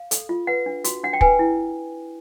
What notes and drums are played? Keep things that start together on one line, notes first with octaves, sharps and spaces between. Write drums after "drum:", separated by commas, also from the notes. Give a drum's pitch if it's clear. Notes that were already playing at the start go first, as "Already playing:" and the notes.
Already playing: F5
A4, drum: hi-hat
F4
B4 F#5
D4
F#4, drum: hi-hat
D4 F#5
G5
B4 G#5, drum: kick
E4